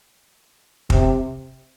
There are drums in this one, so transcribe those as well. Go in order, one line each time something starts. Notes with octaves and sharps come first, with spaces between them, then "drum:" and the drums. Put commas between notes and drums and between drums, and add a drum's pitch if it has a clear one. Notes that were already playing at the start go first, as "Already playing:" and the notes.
C3, drum: kick